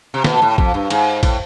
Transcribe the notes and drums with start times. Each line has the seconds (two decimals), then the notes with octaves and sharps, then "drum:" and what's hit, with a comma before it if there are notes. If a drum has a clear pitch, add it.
0.14 C3
0.24 B2, drum: snare
0.42 A2
0.58 F2, drum: kick
0.74 G2
0.90 G#2, drum: cymbal
1.23 A2, drum: kick, cymbal